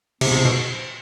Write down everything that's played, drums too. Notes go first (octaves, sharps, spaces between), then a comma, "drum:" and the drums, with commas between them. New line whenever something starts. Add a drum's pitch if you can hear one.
G#2 C3 F3 B3 D#4, drum: cymbal
C3
B2